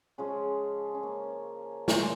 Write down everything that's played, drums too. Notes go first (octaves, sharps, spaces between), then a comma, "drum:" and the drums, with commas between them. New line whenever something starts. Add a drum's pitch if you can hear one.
C#3 F3 G#3 C#4
C#4
A#3
A#2 G#3 C#4, drum: snare